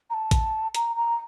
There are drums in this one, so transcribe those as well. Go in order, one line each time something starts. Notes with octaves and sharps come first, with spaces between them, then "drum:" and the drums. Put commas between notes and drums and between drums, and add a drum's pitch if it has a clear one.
A#5
A5
drum: kick A1, hi-hat
A#5, drum: hi-hat
A#5